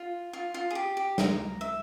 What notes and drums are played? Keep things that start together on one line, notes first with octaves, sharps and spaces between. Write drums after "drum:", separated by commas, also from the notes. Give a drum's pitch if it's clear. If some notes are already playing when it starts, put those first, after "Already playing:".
Already playing: F4
F4
F4
G#4
G4
G4
A#4, drum: snare
E5